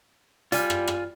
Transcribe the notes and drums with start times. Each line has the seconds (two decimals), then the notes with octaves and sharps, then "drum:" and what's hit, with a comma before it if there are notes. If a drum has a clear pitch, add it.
0.52 G3 F4 G#5, drum: hi-hat
0.70 drum: rim click
0.88 drum: rim click